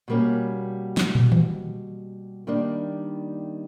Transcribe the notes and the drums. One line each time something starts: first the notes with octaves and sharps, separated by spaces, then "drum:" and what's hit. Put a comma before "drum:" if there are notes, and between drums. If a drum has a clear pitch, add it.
B2 G3 A#3 C#4
drum: snare
drum: tom
drum: tom D#3
D#3 G3 A#3 D4